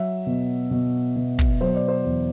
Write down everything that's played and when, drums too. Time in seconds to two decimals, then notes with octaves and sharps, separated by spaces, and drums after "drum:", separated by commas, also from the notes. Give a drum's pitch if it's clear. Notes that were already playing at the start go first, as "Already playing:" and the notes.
Already playing: F#3 E5
0.27 B2
0.71 B2
1.16 B2
1.39 drum: kick
1.61 F#3 C5
1.74 D5
1.88 C5
2.05 E2